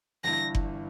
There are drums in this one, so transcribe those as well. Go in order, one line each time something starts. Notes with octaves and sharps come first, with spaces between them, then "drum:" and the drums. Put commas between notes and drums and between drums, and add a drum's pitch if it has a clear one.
G1 G2 E3 A#6
drum: kick F#1